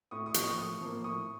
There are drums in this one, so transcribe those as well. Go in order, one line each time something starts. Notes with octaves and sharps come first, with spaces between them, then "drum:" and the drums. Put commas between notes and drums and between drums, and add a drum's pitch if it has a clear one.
A2 C#6 D#6
C#6 D#6
F3 A#3, drum: hi-hat
C#6 D#6
A2 C#6 D#6
F3 A#3
A2 C#6 D#6